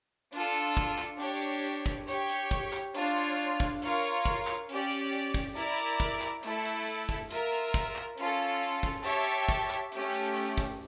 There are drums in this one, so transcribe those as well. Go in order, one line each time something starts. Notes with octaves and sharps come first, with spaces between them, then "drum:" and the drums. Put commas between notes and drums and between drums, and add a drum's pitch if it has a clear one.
D4 F4 A4, drum: hi-hat
drum: hi-hat
drum: kick, hi-hat
drum: clap
D4 G4 C#5, drum: hi-hat
drum: hi-hat
drum: hi-hat
drum: kick, hi-hat
G4 C#5 G5, drum: hi-hat
drum: hi-hat
drum: kick, hi-hat
drum: clap
D4 F4 C#5, drum: hi-hat
drum: hi-hat
drum: hi-hat
drum: kick, hi-hat
F4 A#4 C#5 F5, drum: hi-hat
drum: hi-hat
drum: kick, hi-hat
drum: clap
C#4 G4 D5, drum: hi-hat
drum: hi-hat
drum: hi-hat
drum: kick, hi-hat
E4 A#4 D5, drum: hi-hat
drum: hi-hat
drum: kick, hi-hat
drum: clap
A3 E4 A4, drum: hi-hat
drum: hi-hat
drum: hi-hat
drum: kick, hi-hat
F4 A#4 E5, drum: hi-hat
drum: hi-hat
drum: kick, hi-hat
drum: clap
C#4 F4 A4, drum: hi-hat
drum: kick, hi-hat
G4 C#5 E5 A5, drum: hi-hat
drum: hi-hat
drum: kick, hi-hat
drum: clap
A3 C#4 G4, drum: hi-hat
drum: hi-hat
drum: hi-hat
drum: kick, hi-hat